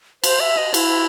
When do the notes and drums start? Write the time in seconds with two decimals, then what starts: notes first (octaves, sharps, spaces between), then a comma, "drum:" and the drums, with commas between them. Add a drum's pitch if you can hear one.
0.24 C5, drum: cymbal
0.40 E5
0.57 D#5
0.74 E4, drum: cymbal